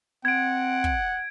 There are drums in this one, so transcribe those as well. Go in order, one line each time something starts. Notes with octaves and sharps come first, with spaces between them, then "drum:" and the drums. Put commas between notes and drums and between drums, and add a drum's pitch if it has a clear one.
C4 F#5 G#6 D7
drum: kick